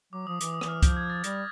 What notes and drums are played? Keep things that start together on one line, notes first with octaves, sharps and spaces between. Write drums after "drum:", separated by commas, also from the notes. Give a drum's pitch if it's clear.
F#3 D6
F3 D#6
E3 D6, drum: hi-hat
D#6
E3, drum: rim click
F6
F3 G6, drum: kick C2, hi-hat
G#6
A6
G3 A#6, drum: hi-hat